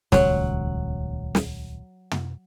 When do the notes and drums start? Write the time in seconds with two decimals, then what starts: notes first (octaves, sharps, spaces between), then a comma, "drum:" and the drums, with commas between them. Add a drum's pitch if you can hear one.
0.12 D#1 C#2 F#3, drum: snare
1.35 drum: snare
2.11 drum: tom